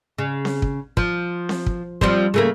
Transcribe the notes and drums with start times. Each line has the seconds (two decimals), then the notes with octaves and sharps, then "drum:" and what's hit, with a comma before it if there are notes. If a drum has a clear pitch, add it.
0.18 C#3
0.45 drum: snare C4
0.62 drum: kick
0.97 F3, drum: kick
1.49 drum: snare C4
1.66 drum: kick
2.01 F3 G3 C4, drum: kick
2.34 C#3 A3 A#3